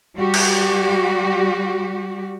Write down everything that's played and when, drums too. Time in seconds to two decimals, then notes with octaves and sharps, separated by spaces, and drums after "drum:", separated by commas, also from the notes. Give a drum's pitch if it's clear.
0.15 G3 F#4 G4
0.34 drum: cymbal